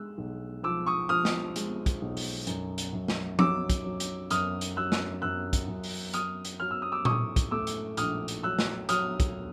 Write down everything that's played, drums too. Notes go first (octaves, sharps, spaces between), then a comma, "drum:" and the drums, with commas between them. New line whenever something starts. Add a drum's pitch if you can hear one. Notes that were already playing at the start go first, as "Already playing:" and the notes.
Already playing: G#3 E6 F#6
B1
F3 D6 E6
C#6 D#6
F3 D#6 F6
drum: snare
G#3, drum: hi-hat
drum: kick, hi-hat
B1
drum: open hi-hat
F#2, drum: hi-hat
drum: hi-hat
F#2
drum: snare
F#3 D6 E6, drum: tom F3
drum: kick, hi-hat
F#3
drum: hi-hat
F#2 D#6 F6, drum: hi-hat
drum: hi-hat
F#3 E6 F#6
drum: snare
F#2 E6 F#6
drum: kick, hi-hat
F#2
drum: open hi-hat
F#3 D#6 F6, drum: hi-hat
drum: hi-hat
F#3 F6
E6
D#6
D6 E6
A2 C#6 D#6, drum: tom A#2
drum: kick, hi-hat
A3 D6 E6
drum: hi-hat
A#1 D#6 F6, drum: hi-hat
drum: hi-hat
F#3 E6 F#6
drum: snare
F#3 D#6 F6, drum: hi-hat
drum: kick, hi-hat